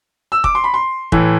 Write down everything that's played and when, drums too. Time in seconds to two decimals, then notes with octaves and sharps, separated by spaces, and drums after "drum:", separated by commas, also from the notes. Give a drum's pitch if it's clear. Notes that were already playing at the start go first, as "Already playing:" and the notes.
0.32 E6
0.44 D6, drum: kick
0.55 C6
0.64 B5
0.74 C6
1.12 A2 E3, drum: kick